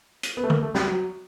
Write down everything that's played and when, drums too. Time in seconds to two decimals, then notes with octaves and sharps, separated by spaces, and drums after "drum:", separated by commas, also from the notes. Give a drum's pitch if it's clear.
0.23 drum: hi-hat
0.37 B3
0.43 A3
0.50 A#3, drum: tom D3
0.62 A3
0.74 G3, drum: snare
0.88 F#3